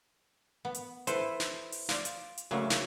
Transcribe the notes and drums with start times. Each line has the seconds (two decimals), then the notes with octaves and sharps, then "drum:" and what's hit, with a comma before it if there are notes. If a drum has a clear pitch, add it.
0.65 B3
0.75 drum: hi-hat
1.07 E4 A4 B4 C5, drum: hi-hat
1.40 drum: snare
1.72 drum: open hi-hat
1.89 F4 D5, drum: snare
2.05 drum: hi-hat
2.38 drum: hi-hat
2.51 D2 C#3 F#3 A3 A#3
2.70 drum: snare